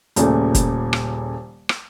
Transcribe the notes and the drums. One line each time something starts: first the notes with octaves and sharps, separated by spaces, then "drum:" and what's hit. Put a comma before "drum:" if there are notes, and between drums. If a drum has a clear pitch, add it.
D#1 A#2 C#3 A3, drum: hi-hat
drum: kick, hi-hat
drum: rim click
drum: rim click